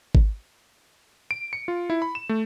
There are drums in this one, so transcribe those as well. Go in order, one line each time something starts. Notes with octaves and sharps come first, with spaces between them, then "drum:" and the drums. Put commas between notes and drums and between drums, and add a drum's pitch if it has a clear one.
drum: kick G#1
D7
C#7
F4
E4
B5
E7
A3